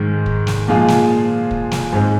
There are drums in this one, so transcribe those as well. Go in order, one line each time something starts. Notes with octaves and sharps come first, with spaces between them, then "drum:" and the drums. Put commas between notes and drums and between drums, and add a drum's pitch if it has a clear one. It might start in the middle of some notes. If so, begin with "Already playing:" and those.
Already playing: G#2 D#3 G#3
drum: kick
drum: snare
A#2 F3 G#3 F4 G#4
drum: snare
drum: kick
drum: snare
G#2 G#3 C4 G#4